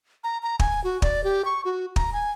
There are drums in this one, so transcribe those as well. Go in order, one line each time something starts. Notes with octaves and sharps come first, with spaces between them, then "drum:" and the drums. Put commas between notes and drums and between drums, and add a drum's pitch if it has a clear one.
A#5
A#5
G#5, drum: kick
F#4
D5, drum: kick
G4
C#6
F#4
A#5, drum: kick
G#5